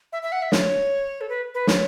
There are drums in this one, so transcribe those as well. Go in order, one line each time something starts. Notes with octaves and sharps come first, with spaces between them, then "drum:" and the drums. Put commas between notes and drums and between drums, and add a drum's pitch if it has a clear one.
E5
E5
F#5
E5
C#5, drum: snare
A4
B4
B4
C#5, drum: snare